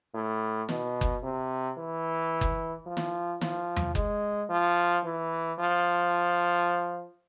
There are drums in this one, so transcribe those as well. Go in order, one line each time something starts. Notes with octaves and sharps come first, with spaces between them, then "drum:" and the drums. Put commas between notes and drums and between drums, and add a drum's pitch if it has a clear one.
A2
B2, drum: snare
drum: kick F#1
C3
E3
drum: kick F#1
F3
drum: snare
F3, drum: snare
drum: tom E2
G#3, drum: kick F#1
F3
E3
F3